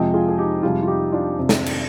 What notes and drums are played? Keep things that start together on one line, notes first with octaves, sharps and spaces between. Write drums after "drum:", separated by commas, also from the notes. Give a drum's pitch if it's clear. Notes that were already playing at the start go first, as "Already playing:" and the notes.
Already playing: F2 C3 F3 G#3 D#5 G5
F4 G#4
G#4
D#4 G4
F2 C3 G3 F4 G#4
F4
D#4 G4
D4 F4
F2 C3 F3
drum: snare
drum: cymbal